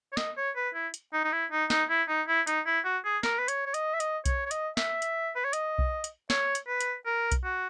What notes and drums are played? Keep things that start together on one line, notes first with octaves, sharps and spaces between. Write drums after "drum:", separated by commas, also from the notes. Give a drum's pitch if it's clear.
C#5
D#5, drum: snare
C#5
B4
E4
drum: hi-hat
D#4
D#4
E4
D#4
D#4, drum: snare
E4
D#4
E4
D#4, drum: hi-hat
E4
F#4
G#4
A#4, drum: snare
B4
C#5, drum: hi-hat
C#5
D#5, drum: hi-hat
E5
D#5, drum: hi-hat
C#5, drum: kick B1, hi-hat
C#5
D#5, drum: hi-hat
E5, drum: snare
drum: hi-hat
B4
C#5
D#5, drum: hi-hat
drum: kick B1
drum: hi-hat
C#5, drum: snare
drum: hi-hat
B4
drum: hi-hat
A#4
drum: kick B1, hi-hat
F#4